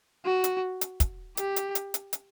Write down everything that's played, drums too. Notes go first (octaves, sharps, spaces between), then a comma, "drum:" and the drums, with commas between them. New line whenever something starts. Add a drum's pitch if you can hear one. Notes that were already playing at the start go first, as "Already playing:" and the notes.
F#4
drum: hi-hat
drum: hi-hat
drum: kick, hi-hat
G4, drum: hi-hat
drum: hi-hat
drum: hi-hat
drum: hi-hat
drum: hi-hat